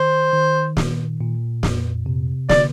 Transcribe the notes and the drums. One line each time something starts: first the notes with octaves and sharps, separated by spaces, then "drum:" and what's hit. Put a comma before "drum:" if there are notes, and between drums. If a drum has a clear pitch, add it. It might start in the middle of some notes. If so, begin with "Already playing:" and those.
Already playing: D#3 C5
D#3
A#2, drum: snare
A#2
F2, drum: snare
C3
D3 D5, drum: snare